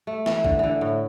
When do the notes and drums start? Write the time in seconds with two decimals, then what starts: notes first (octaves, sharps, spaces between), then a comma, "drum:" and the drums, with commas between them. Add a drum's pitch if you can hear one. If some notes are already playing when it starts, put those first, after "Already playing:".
0.07 A3
0.26 E3, drum: snare
0.44 D3, drum: kick A1
0.59 D3 E3
0.81 A2